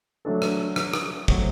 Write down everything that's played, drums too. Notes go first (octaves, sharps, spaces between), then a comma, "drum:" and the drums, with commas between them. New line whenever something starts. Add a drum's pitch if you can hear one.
F#3 A3 D4 A4
drum: rim click
drum: rim click
drum: rim click
F#3 A3 C4 F#4, drum: kick